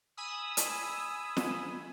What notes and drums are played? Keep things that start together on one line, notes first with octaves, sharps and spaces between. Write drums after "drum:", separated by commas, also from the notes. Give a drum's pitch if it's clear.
G#5 B5 D#6 E6
drum: hi-hat
drum: snare